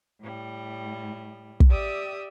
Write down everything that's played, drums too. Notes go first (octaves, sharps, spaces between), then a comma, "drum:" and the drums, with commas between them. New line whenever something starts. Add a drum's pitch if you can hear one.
A2 G3
drum: kick
G4 D5 E5 D#6 E6